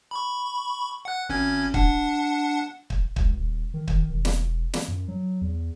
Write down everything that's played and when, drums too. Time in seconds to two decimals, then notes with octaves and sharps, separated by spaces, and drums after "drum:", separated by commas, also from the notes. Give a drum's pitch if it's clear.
0.11 B5 C#6
1.05 F#5 F#6
1.29 G#1 C#4 G#6
1.74 D4 F#5, drum: kick
2.90 drum: kick
3.16 C#2, drum: kick
3.36 D#1
3.74 D#3
3.88 D#3, drum: kick
4.10 E1
4.25 drum: snare
4.74 drum: snare
4.88 F#2
5.08 F#3
5.41 E2